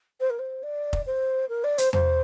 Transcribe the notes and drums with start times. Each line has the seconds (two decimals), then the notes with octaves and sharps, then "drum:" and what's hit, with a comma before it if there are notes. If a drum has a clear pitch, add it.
0.20 C5
0.30 A#4
0.39 C5
0.63 D5
0.93 drum: kick F1
1.06 C5
1.49 A#4
1.64 D5
1.78 C5, drum: hi-hat
1.93 C5, drum: tom E2